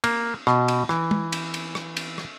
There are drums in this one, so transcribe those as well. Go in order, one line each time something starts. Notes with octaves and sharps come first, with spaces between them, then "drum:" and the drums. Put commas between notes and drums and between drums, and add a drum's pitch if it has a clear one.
A#3, drum: cymbal
B2, drum: rim click
drum: cymbal
E3, drum: rim click
drum: tom
drum: cymbal
drum: cymbal
drum: rim click
drum: cymbal
drum: rim click